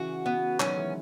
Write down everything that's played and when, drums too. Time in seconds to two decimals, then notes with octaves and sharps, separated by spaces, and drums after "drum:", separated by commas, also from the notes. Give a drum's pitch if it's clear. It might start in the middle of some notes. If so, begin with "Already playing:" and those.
Already playing: C#3 E3 F#4
0.26 B3
0.60 D#3 F#3 C#4, drum: clap
0.76 E3 G#3